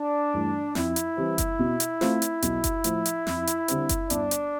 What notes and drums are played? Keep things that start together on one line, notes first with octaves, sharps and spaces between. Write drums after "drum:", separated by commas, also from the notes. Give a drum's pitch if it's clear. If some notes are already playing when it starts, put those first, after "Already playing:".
Already playing: D4
G2 E3 A3
F2 E4, drum: snare
drum: hi-hat
E3 G3 C4
drum: kick F#1, hi-hat
B2
drum: hi-hat
A3 C4 F4 C5, drum: snare
drum: hi-hat
B1, drum: hi-hat
drum: kick F#1, hi-hat
A2 F3, drum: hi-hat
drum: hi-hat
F2, drum: snare
drum: hi-hat
D3 G3 C4, drum: hi-hat
drum: kick F#1, hi-hat
G1 D4, drum: hi-hat
drum: hi-hat